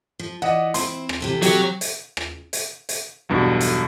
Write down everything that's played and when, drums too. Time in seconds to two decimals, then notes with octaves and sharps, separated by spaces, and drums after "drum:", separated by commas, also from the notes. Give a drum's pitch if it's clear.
0.19 F3
0.42 E3 D5 D#5 F#5
0.74 C4 E4 C6, drum: hi-hat
1.09 drum: rim click
1.20 C3 E3 A4
1.42 F#3 G4, drum: hi-hat
1.81 drum: hi-hat
2.17 drum: rim click
2.53 drum: hi-hat
2.89 drum: hi-hat
3.29 B1 E2 G2 B2
3.61 drum: hi-hat